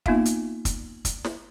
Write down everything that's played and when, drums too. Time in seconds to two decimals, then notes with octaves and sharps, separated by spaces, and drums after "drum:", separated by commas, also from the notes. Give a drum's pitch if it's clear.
0.06 A#3 B3 D#4 F4 E5 F5, drum: kick
0.25 drum: hi-hat
0.65 drum: kick, hi-hat
1.05 drum: kick, hi-hat
1.24 drum: snare